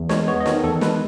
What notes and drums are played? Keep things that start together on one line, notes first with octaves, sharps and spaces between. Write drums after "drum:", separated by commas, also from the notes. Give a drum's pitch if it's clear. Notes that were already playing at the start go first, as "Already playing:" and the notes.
Already playing: E2
G#3 C#5, drum: snare
B3 C#5
D#5
D#3 C#5, drum: snare
E2 A4
G#3 B4, drum: snare